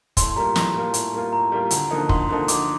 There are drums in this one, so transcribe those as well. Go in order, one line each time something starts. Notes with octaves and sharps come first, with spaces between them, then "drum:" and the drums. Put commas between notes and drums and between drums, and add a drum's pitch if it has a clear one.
A2 C6, drum: kick, hi-hat
G3 A#3 F4 A#5
A2, drum: snare
G3 A#3 F4
A2, drum: hi-hat
G3 A#3 F4
A2 A#5
G3 A#3 F4
D2, drum: hi-hat
D3 F3 A#3 D#4
D2 C6, drum: kick
D3 F3 A#3 D#4 C6
D2 D6, drum: hi-hat